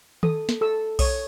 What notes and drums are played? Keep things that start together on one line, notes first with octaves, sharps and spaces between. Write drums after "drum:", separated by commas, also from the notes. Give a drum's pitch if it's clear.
A4 D#6, drum: tom D#3
drum: snare
A4 E6
C#5 D#6, drum: kick B1, open hi-hat